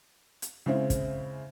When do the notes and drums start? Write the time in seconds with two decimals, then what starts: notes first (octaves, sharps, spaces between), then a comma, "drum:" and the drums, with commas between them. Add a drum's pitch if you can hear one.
0.42 drum: hi-hat
0.66 C#3 G#3 C4 E4
0.90 drum: kick, hi-hat